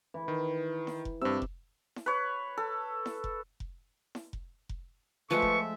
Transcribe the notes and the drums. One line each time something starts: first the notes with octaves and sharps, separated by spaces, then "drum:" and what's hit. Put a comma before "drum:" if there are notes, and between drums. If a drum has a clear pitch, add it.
E3
D#3
drum: snare E4
drum: kick F1
G2 C3 E6
drum: kick F1
drum: snare E4
B4 C#5
A4
drum: snare E4
drum: kick F1
drum: kick F1
drum: snare E4
drum: kick F1
drum: kick F1
F3 G#3 A3 B4 E5 C#6
drum: kick F1